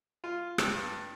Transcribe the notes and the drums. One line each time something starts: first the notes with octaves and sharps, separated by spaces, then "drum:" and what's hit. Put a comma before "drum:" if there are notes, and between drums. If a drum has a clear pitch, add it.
F4
G2, drum: rim click